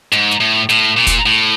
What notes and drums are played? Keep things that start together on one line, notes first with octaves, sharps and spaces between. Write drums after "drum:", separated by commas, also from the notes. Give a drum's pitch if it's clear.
G#2, drum: snare
drum: snare
A2
A2, drum: snare
A#2
drum: kick, hi-hat
A2